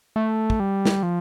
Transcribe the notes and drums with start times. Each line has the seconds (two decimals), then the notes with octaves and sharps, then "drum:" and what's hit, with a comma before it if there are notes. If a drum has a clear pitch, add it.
0.16 A3
0.50 drum: kick
0.60 G3
0.85 drum: snare
1.03 F3